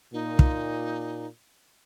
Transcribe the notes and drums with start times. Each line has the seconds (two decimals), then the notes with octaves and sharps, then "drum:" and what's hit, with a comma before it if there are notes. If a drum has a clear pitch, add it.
0.13 A#2 D#4
0.39 drum: kick